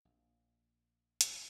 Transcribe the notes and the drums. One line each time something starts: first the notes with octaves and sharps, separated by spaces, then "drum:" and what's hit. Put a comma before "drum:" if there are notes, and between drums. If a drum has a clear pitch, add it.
A#1
drum: hi-hat